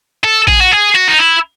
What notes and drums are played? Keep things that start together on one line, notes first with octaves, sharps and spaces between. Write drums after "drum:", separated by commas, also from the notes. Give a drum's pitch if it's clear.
A4
G#4, drum: kick A1
F#4
G#4
F#4
D#4
E4